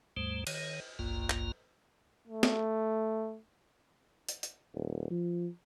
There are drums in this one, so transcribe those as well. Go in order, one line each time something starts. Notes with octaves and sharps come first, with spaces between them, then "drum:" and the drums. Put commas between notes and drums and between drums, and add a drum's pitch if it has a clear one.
D#2 G#2 G3 A3 C5
D#3 C#5, drum: cymbal
G1 C2 F#2 A#3 F4 A#5
drum: clap
A3
drum: snare
drum: hi-hat
drum: hi-hat
D#1
F3